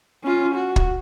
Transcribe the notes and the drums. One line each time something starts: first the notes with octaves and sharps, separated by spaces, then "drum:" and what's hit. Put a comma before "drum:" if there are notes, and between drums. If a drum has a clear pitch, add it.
C#4 F4
F#4
drum: kick